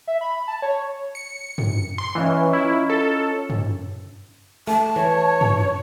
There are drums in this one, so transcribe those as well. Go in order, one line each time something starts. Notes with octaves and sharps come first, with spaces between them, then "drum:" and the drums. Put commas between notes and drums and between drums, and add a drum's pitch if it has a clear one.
E5
B5
A5
C#5
C#7
drum: tom
C6
E3 C#4 D#4 F4
E4
A4
drum: tom
A3 A5
E3 C#5
drum: tom